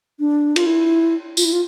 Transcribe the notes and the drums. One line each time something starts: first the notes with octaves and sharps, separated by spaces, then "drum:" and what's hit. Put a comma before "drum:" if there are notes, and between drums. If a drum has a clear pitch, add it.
D4
F4, drum: cymbal
E4
F4, drum: tambourine
E4
F4